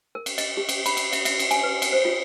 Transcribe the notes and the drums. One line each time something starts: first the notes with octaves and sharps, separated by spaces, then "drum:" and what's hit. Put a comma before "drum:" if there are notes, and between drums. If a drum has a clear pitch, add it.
A#4
drum: cymbal
D#5, drum: cymbal
G4
drum: cymbal
B5, drum: cymbal
drum: cymbal
E5, drum: cymbal
E5, drum: cymbal
drum: cymbal
G#5, drum: cymbal
B4
drum: cymbal
C5
F4